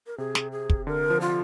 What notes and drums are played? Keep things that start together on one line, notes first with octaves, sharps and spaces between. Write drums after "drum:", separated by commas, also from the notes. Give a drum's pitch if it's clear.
A#4
C3 G#4
drum: snare
G#4
drum: kick
D3 A#4
F3
F4